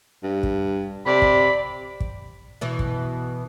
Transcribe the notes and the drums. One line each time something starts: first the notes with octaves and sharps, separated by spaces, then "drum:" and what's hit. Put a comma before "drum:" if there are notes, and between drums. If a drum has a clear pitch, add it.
G2
drum: kick
C3 D5 B5
drum: kick
drum: kick
B2 E3
drum: kick